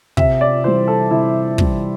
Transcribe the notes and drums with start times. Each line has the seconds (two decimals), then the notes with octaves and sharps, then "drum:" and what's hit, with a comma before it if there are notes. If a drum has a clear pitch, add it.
0.17 C3 E5, drum: kick
0.41 D5
0.64 E3 G3 C5
0.88 A4
1.11 C3 E4
1.58 E3 G3, drum: kick